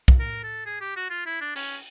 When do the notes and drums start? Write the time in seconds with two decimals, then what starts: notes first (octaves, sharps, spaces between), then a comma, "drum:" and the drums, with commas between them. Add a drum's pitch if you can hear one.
0.08 drum: kick
0.19 A#4
0.43 A4
0.66 G#4
0.81 G4
0.96 F#4
1.10 F4
1.26 E4
1.41 D4
1.56 C#4, drum: open hi-hat